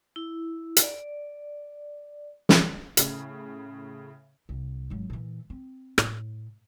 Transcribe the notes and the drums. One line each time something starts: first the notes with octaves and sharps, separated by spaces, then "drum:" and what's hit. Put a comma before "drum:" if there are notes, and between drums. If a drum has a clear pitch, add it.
E4
D5, drum: hi-hat
drum: snare
A2 C#3, drum: hi-hat
C2
G#1 F#3
A#2 E3
C4
A2, drum: rim click